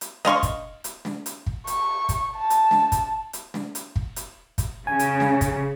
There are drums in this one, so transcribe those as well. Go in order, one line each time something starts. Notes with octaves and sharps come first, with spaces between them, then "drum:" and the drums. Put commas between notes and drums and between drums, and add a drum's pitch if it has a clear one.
drum: hi-hat
D#5 F5 C6 C#6, drum: snare
drum: kick, hi-hat
drum: hi-hat
drum: snare
drum: hi-hat
drum: kick
C#6, drum: hi-hat
drum: kick, hi-hat
A5
drum: hi-hat
drum: snare
drum: kick, hi-hat
drum: hi-hat
drum: snare
drum: hi-hat
drum: kick
drum: hi-hat
drum: kick, hi-hat
C#3 G#5
drum: hi-hat
drum: snare
drum: kick, hi-hat